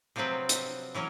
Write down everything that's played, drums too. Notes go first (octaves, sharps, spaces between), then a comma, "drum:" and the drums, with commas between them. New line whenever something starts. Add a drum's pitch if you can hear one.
C3 F3 F#3 C4 B4
drum: hi-hat
E3 F#3 C#4 A#4